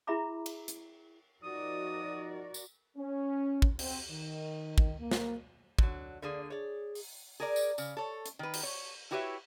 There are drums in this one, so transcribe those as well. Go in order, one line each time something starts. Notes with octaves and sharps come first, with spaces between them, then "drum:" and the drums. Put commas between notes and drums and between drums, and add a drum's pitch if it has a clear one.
E4 G#4 E5 A#5 B5 D6
drum: cymbal
drum: hi-hat
F3 D#4 F#4 A#4 D5 D#6
drum: tambourine
C#4
drum: kick
C4, drum: cymbal
D#3
drum: kick
A#3
drum: snare
D3 F#3, drum: kick
D3 A#3 G#4 D5
G#4 C#5 D5
drum: open hi-hat
G#4 A#4 D5
drum: tambourine
C#3, drum: tambourine
A4 C#5
drum: hi-hat
D#3 B4
drum: cymbal
C#5
E4 F#4 G4 B4 C#5 E5